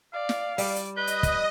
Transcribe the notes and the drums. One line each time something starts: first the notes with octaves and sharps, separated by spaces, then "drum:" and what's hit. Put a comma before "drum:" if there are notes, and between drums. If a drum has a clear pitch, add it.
D5 F5
drum: snare
G3 D5, drum: open hi-hat
drum: hi-hat
B4 D#5 G6
drum: hi-hat
drum: kick, hi-hat